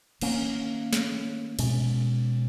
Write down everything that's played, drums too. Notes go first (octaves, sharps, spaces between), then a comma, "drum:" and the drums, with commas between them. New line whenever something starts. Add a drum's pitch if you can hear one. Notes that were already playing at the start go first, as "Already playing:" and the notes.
D#3 A#3 C#4, drum: cymbal
drum: snare
B2 G#3 C#4, drum: cymbal